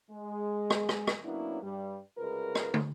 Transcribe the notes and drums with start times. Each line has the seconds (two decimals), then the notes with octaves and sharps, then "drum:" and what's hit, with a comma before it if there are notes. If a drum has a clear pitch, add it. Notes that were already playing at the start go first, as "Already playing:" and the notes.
0.11 G#3
0.70 drum: rim click
0.89 drum: rim click
1.07 drum: rim click
1.24 F#3 A#3 B3 C#4 D4 E4
1.63 G2 G3
2.18 D2 C#3 G#3 F4 A#4 B4
2.55 drum: rim click
2.74 drum: tom